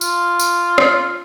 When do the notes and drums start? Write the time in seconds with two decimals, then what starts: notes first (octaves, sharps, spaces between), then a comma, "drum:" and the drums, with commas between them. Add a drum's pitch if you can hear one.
0.01 F4, drum: tambourine
0.40 drum: tambourine
0.78 drum: rim click